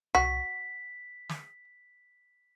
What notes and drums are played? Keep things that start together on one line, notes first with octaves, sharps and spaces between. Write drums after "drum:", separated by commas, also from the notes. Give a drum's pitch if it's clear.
F#4 B6, drum: tom C2
drum: snare